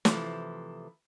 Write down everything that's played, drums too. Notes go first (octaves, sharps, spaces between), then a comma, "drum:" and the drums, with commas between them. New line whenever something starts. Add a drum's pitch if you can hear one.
C3 E3 F3 A3 E4, drum: snare